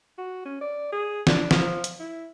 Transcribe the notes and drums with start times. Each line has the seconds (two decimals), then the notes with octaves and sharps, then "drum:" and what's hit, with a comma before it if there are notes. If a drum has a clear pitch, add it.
0.18 F#4
0.46 C#4
0.61 D5
0.92 G#4
1.27 D4, drum: snare
1.51 F3, drum: snare
1.84 drum: hi-hat
2.00 E4